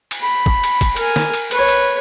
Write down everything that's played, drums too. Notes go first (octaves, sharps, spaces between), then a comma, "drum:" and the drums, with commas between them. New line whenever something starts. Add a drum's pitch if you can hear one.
drum: cymbal
B5
drum: kick
drum: cymbal
drum: kick, cymbal
A#4 G#5, drum: cymbal
drum: snare
drum: cymbal
B4 C#5, drum: cymbal
drum: cymbal